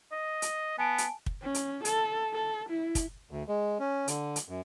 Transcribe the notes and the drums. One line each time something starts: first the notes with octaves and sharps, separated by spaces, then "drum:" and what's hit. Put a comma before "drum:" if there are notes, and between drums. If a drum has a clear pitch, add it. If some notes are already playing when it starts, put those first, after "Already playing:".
D#5
drum: hi-hat
B3 G#5 A5 D7
drum: hi-hat
drum: kick
C#4
drum: hi-hat
A4, drum: hi-hat
A4
E4
drum: kick, hi-hat
D2
G#3
C#4
D3, drum: hi-hat
drum: hi-hat
F#2